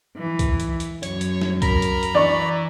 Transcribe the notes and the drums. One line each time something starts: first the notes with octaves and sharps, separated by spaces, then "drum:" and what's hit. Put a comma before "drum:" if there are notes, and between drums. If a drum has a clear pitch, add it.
E3
drum: kick C2, hi-hat
drum: hi-hat
drum: hi-hat
F#2 C#5, drum: hi-hat
drum: hi-hat
drum: snare
A#4 A#5 B5, drum: kick C2, hi-hat
drum: hi-hat
drum: hi-hat
E3 D5 C#6